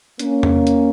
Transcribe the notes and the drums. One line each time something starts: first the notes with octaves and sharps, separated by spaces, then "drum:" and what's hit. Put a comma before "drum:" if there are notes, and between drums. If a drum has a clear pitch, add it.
A#3 C#4, drum: hi-hat
drum: tom E2
drum: hi-hat